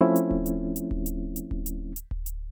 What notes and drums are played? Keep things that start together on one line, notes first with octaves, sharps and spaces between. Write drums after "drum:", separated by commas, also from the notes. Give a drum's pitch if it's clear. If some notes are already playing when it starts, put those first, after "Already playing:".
F3 A3 C4 C#4 E4
drum: hi-hat
drum: kick D1
drum: hi-hat
drum: hi-hat
drum: kick D1
drum: hi-hat
drum: hi-hat
drum: kick D1
drum: hi-hat
drum: hi-hat
drum: kick D1
drum: hi-hat